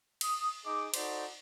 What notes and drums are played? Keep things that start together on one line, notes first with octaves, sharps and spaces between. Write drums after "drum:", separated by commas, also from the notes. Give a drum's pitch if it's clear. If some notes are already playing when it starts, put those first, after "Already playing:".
D#6, drum: cymbal
D#4 G#4 D#5 D6
D#4 F#4 A4 C5 D5, drum: cymbal